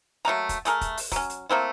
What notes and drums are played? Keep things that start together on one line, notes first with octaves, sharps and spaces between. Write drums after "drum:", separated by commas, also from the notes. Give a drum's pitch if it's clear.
F#3 A3 A#3 A#5
drum: kick, hi-hat
A3 G#4 A#4, drum: hi-hat
drum: kick, hi-hat
drum: open hi-hat
F#3 C#4, drum: kick, hi-hat
drum: hi-hat
A3 A#3 C4 E4